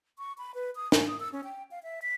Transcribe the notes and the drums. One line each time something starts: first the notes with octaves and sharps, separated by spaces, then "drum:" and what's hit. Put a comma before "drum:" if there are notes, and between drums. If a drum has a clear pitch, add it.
C#6
B5
B4
D#6
G#5, drum: snare
D#6
E6
C#4
G5
F5
E5
B6